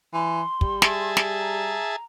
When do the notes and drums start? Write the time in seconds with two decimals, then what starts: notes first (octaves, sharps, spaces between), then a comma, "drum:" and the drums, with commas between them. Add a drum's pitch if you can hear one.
0.13 E3 C6
0.61 G3, drum: kick
0.82 G#4 E5 A5, drum: snare
1.17 drum: snare
1.40 A#5